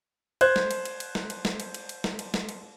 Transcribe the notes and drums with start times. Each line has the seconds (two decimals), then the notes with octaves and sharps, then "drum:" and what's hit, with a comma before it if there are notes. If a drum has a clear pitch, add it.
0.41 C5 F#6 G#6, drum: cymbal
0.56 drum: snare
0.71 drum: cymbal
0.85 drum: cymbal
1.00 drum: cymbal
1.15 drum: snare
1.30 drum: cymbal
1.45 drum: snare
1.60 drum: cymbal
1.74 drum: cymbal
1.89 drum: cymbal
2.04 drum: snare
2.19 drum: cymbal
2.34 drum: snare
2.49 drum: cymbal